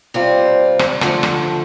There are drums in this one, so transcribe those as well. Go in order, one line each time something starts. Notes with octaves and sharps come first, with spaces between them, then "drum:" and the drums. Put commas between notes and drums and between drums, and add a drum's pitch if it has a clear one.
C3 G3 C4 F4
drum: rim click
D3 F3 A3, drum: rim click
drum: rim click